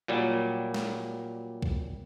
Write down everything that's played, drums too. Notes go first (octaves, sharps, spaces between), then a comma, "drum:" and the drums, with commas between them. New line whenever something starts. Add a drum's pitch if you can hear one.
A#2 F#3 G3
drum: snare
drum: kick